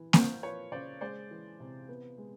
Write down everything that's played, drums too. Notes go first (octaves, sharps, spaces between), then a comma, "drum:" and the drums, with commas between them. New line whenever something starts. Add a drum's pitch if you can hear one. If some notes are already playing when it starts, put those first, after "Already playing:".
Already playing: E3
A#3 A#4 C5, drum: snare A#3
F3 B4 C#5
C#3 C5 D5
G#3 C5 D5
E3
C3
B3
G#3